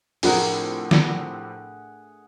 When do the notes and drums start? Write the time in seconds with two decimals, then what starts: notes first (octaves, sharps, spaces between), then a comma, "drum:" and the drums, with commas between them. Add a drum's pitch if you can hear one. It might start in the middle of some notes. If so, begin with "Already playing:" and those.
0.23 A2 C3 F3 A3 D4 G#4 A#4 F#5, drum: open hi-hat
0.91 drum: snare